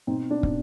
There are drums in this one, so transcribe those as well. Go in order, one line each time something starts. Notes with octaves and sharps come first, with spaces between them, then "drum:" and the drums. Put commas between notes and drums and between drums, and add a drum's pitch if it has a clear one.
B2 C4 D#4
D4
B2, drum: kick